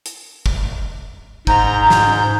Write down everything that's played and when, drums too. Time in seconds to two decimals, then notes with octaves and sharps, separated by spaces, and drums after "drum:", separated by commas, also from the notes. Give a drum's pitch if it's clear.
0.06 drum: hi-hat
0.46 drum: kick
1.47 G#2 A#5 G6, drum: kick
1.90 drum: snare